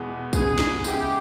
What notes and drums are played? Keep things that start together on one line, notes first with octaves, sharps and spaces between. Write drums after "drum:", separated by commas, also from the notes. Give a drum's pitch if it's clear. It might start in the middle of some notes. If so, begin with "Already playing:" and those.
Already playing: E2 B2 G#3 B3
C#2 C#3 G#3 G#4, drum: kick, tambourine
drum: snare
C#2 C#3 G#3 B3 E4 G4, drum: tambourine